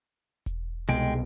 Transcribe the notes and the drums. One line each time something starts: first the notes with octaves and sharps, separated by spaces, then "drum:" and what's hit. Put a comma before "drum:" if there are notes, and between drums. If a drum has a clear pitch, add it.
drum: kick E1, hi-hat
C2 B2 G#3 G5
drum: hi-hat